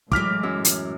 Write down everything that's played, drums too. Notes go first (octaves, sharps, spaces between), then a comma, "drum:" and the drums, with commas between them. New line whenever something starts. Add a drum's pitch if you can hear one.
A2 E3 F#3 G#3 D6 F6 B6, drum: kick
F#2 E6
drum: hi-hat